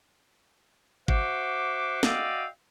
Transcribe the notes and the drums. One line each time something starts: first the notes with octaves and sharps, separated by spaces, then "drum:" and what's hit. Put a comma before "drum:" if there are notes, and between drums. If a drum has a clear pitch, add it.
F#4 C5 E5 F#5 D6, drum: kick G#1
F#4 D5 D#5 F5 G5 E6, drum: snare